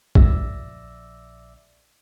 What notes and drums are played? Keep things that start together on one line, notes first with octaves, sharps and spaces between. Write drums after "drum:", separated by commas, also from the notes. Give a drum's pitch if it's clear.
A#1 D5 E5 E6 A#6, drum: kick